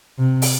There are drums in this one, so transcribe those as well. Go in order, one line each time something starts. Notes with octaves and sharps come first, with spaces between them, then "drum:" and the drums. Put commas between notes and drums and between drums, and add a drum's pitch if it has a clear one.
C3
drum: open hi-hat